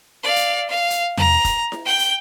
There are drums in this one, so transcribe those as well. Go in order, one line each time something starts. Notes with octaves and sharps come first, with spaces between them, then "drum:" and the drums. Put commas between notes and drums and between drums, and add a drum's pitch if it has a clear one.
D5 F5
drum: hi-hat
F5
drum: hi-hat
A#5, drum: tom E2
drum: kick F1, hi-hat
drum: snare E4
G5 G6
drum: hi-hat